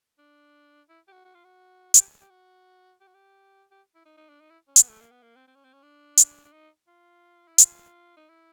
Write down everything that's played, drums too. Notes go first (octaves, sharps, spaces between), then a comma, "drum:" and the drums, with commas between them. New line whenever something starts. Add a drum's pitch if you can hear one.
D4
E4
G4
F#4
F#4
F4
F#4
G4, drum: hi-hat
G4
F#4
G4
F#4
G4
G4
E4
D#4
D#4
D4
D#4
E4
C#4
B3, drum: hi-hat
A3
A#3
B3
A#3
C4
C4
C#4
C4
C#4
D4
drum: hi-hat
D4
D#4
F4
E4
F4, drum: hi-hat
D#4
E4